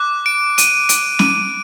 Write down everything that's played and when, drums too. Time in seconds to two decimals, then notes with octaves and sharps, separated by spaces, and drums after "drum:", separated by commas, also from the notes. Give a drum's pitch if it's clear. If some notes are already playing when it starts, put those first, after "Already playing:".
Already playing: D6 F#6
0.26 D7
0.58 D#7, drum: hi-hat
0.89 D7, drum: hi-hat
1.19 D#7, drum: snare